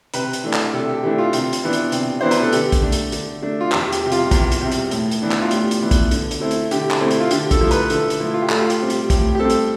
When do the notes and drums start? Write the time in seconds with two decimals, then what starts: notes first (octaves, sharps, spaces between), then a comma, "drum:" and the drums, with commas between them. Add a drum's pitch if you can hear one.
0.14 C3 B4, drum: hi-hat
0.33 drum: hi-hat
0.43 E3 A3 D4
0.53 drum: clap
0.74 C3 A4
0.89 G4
1.03 E3 A3 D4 G4
1.18 F4
1.33 C3, drum: hi-hat
1.53 drum: hi-hat
1.63 E3 B3 D4
1.73 drum: hi-hat
1.92 C3, drum: hi-hat
2.21 E3 B3 D4 C5
2.31 B4, drum: hi-hat
2.42 A4
2.53 D3 G4, drum: hi-hat
2.72 drum: kick, hi-hat
2.82 A3 D4
2.92 drum: hi-hat
3.12 D3, drum: hi-hat
3.42 A3 D4
3.61 F4
3.72 E2 G4, drum: clap
3.93 G4, drum: hi-hat
4.02 C3 G3
4.12 F4, drum: hi-hat
4.31 E2, drum: kick, hi-hat
4.52 drum: hi-hat
4.61 C3 G3
4.72 drum: hi-hat
4.91 A2, drum: hi-hat
5.11 drum: hi-hat
5.22 E3 B3 D4
5.31 drum: clap
5.42 F4
5.51 A2 G4, drum: hi-hat
5.71 drum: hi-hat
5.82 E3 B3 D4
5.91 drum: kick, hi-hat
6.11 D3, drum: hi-hat
6.31 drum: hi-hat
6.40 A3 C4 E4
6.51 drum: hi-hat
6.71 D3 G4, drum: hi-hat
6.91 drum: clap
7.00 A3 C4 E4
7.11 drum: hi-hat
7.20 F4
7.31 D3 G4, drum: hi-hat
7.51 A4, drum: kick, hi-hat
7.61 F3 A3 E4
7.71 B4, drum: hi-hat
7.90 D3 A4, drum: hi-hat
8.10 drum: hi-hat
8.20 F3 A3 E4
8.34 F4
8.42 G4
8.50 A2 A4, drum: clap
8.61 F4
8.70 G4, drum: hi-hat
8.80 G3 C4
8.90 G4, drum: hi-hat
9.10 A2 G4, drum: kick, hi-hat
9.35 G4
9.39 G3 C4 A4
9.50 drum: hi-hat